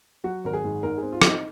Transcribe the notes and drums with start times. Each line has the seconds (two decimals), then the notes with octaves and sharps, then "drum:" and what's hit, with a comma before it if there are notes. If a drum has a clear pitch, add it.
0.24 F#3 F#4
0.44 G#1 A#4
0.53 G#4
0.64 G#2
0.83 G#2 A#4
0.98 G#4
1.03 C4
1.13 F4
1.22 C4, drum: rim click
1.27 D#4